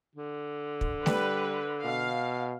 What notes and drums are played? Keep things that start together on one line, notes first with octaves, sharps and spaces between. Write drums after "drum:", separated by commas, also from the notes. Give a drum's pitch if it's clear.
D3
drum: kick
G3 B4, drum: snare
B2 F5